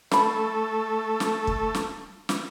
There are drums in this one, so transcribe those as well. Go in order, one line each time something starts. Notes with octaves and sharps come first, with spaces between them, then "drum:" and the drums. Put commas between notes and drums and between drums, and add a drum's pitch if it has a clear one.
A3 A4 F5 B5, drum: snare
drum: snare
drum: kick
drum: snare
drum: snare